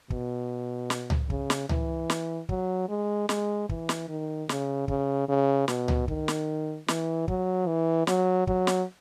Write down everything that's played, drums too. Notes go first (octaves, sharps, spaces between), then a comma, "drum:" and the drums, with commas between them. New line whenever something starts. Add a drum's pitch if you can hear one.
B2, drum: kick
drum: snare
drum: tom C#2
C#3, drum: kick
drum: snare
E3, drum: tom C#2
drum: snare
F#3, drum: kick
G#3
G#3, drum: snare
E3, drum: kick
drum: snare
D#3
C#3, drum: snare
C#3, drum: kick
C#3
B2, drum: snare
drum: tom C#2
D#3, drum: kick
drum: snare
E3, drum: snare
F#3, drum: kick
E3
F#3, drum: snare
F#3, drum: kick
drum: snare